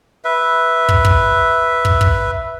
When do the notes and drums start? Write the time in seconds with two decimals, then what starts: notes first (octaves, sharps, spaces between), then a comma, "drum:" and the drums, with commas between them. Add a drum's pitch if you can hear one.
0.25 B4 E5
0.89 drum: kick
1.05 drum: kick
1.85 drum: kick
2.01 drum: kick